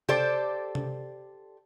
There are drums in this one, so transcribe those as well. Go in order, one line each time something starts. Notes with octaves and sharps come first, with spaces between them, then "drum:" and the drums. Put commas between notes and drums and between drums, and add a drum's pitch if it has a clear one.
G4 A4 C5 D5, drum: tom C3
drum: tom C3